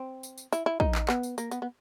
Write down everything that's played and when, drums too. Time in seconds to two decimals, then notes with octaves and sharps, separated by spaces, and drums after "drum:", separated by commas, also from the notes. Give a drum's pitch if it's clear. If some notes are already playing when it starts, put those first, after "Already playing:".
Already playing: C4
0.23 drum: tambourine
0.38 drum: tambourine
0.53 E4, drum: tambourine
0.66 E4
0.80 D#4, drum: kick
0.95 drum: clap
1.08 B3, drum: clap
1.23 drum: tambourine
1.38 A#3, drum: tambourine
1.51 B3, drum: tambourine
1.62 B3